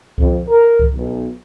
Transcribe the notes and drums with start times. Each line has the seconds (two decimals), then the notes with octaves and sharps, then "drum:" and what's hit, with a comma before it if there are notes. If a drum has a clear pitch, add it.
0.18 F2, drum: kick C2
0.48 A#4
0.79 drum: kick C2
0.94 B1